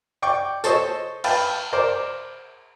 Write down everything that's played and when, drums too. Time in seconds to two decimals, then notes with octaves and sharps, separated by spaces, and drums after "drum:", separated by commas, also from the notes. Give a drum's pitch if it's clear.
0.22 D5 G5 C#6
0.64 A4 C5 C#5 D#5, drum: tambourine
1.24 B4 F5 G5 A5 B5, drum: cymbal
1.72 A#4 C5 D5